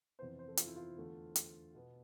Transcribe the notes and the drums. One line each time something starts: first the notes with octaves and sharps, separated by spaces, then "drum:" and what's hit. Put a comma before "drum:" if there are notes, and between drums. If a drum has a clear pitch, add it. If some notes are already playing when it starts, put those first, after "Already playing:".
F2 C3 E3 B3 C5
C5
A4
F4, drum: hi-hat
E4
F4
E2 D3 A3
drum: hi-hat
B2 B3